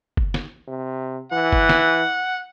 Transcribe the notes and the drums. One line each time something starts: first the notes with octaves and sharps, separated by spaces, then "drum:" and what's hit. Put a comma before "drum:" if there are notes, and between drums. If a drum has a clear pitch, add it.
drum: kick F#1
drum: snare
C3
E3 F#5
drum: kick F#1
drum: snare